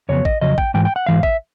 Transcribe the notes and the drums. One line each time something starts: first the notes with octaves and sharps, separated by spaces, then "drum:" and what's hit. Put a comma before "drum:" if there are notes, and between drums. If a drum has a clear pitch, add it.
F2 C#3 F#3 B3 C#5
D#5, drum: kick
F2 C#3 F#3 D#5
G5, drum: kick
G#2 E3 G5
G5
F#5
G#2 E3 F5
E5, drum: kick